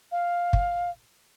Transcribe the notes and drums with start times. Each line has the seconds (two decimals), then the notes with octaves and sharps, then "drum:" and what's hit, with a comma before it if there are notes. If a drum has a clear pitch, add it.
0.12 F5
0.53 drum: kick